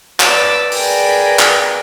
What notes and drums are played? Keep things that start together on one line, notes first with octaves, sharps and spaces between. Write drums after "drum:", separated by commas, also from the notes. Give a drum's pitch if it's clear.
B4 D5 D6 E6 A6, drum: clap
G#4 A#4 B4 D5 G5 G#5, drum: open hi-hat
drum: clap